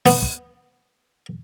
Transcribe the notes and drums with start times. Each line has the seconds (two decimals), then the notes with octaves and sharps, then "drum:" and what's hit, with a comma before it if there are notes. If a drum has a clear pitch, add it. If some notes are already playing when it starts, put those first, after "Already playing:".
0.06 B3, drum: open hi-hat
0.22 drum: kick